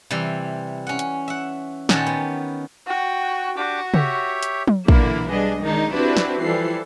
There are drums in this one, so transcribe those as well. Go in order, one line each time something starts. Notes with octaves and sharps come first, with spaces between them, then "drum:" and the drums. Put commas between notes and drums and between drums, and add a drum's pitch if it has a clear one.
C3 E3 G3
C#4 F#5
drum: hi-hat
E5 F#5
A#2 D#3 C#4 G4 F#5 A5, drum: snare
B3
F#4 G5
D4 F#4 G4 D6
G4 C#5 E5, drum: tom
drum: hi-hat
drum: tom
B1 A#2 D3 E3 A#3 E4, drum: kick
G3 B3 D4 G#4 D#5
D#3 G#3 D4 D#4
C4 D4 E4 F#4 G4 B4
drum: snare
E3 F3 G3 A4 C7